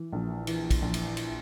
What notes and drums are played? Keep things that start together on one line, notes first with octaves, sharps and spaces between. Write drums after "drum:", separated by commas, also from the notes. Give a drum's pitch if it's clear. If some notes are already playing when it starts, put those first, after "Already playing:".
Already playing: E3
A#1
E3, drum: cymbal
drum: kick, cymbal
A#1
drum: cymbal
drum: cymbal